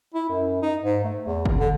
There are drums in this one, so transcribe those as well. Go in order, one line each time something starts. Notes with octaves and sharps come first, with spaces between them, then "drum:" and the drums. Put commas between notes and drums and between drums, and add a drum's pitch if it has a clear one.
E4
F#2
D#4
G#2
A3
E2
drum: kick
D3